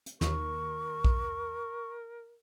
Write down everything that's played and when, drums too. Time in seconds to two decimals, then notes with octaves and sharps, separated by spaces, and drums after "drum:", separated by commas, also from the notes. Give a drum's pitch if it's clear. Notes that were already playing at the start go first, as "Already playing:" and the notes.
0.06 drum: hi-hat
0.21 D#2 A#4 C#6, drum: snare
1.04 drum: kick A#1